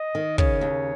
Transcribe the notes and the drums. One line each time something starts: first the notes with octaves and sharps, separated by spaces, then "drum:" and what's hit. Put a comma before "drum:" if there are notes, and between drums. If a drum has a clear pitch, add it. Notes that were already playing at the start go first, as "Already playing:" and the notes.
Already playing: D#5
D#3
C#3 C#5, drum: kick
D#2